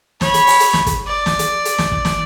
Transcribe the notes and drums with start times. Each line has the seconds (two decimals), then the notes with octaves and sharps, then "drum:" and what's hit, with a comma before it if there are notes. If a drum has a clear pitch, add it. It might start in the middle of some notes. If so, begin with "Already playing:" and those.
0.21 C#5 B5, drum: snare
0.34 drum: hi-hat
0.47 drum: open hi-hat
0.60 drum: hi-hat
0.73 drum: snare
0.86 drum: kick, hi-hat
1.07 D5
1.26 drum: snare
1.39 drum: hi-hat
1.65 drum: hi-hat
1.78 drum: snare
1.92 drum: kick
2.05 drum: snare